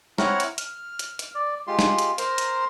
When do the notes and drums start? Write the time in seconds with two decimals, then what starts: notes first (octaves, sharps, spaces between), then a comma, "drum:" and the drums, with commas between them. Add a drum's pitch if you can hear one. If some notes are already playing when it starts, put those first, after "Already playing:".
0.18 C4 E4 C#5 F#5 A#5 F6, drum: snare
0.40 drum: hi-hat
0.58 F6, drum: hi-hat
0.99 drum: hi-hat
1.19 drum: hi-hat
1.35 D5
1.67 G#3 F4 G4 C6
1.79 drum: snare
1.98 drum: hi-hat
2.18 A#4 C5 A#5 C6, drum: hi-hat
2.38 drum: hi-hat